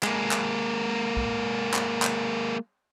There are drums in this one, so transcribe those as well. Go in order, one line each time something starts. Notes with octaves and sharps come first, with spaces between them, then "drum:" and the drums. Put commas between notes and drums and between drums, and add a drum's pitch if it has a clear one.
G#3 A#3, drum: clap
drum: clap
drum: kick
drum: clap
drum: clap